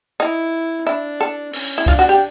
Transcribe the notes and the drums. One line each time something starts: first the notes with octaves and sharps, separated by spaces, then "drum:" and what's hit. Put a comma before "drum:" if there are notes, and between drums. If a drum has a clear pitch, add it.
D#4 E4
D4 E4
A4
C#4, drum: cymbal
E4
D4 F4, drum: kick
F#4
G4